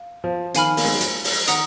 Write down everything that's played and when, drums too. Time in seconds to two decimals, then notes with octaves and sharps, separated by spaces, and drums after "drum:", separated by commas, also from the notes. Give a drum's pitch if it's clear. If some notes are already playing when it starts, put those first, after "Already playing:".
Already playing: F5
0.24 F3
0.54 D#3 F5 G#5 B5 F6, drum: hi-hat
0.77 A#3, drum: open hi-hat
0.85 G#3
0.93 F#3
1.01 F3, drum: hi-hat
1.24 drum: open hi-hat
1.47 D#3 F#5 A#5 D#6, drum: hi-hat